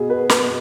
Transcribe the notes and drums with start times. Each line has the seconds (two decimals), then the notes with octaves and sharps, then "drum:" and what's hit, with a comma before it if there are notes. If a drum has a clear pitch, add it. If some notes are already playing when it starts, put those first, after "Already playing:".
Already playing: B2 F#4 G#4
0.10 B4
0.29 B4, drum: snare